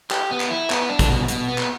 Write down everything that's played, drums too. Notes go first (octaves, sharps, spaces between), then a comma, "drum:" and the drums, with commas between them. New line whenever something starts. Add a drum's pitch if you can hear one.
G4, drum: clap
B3
drum: clap
E4
B3, drum: clap
D4
drum: kick, hi-hat
B2
B2, drum: hi-hat
B3
drum: clap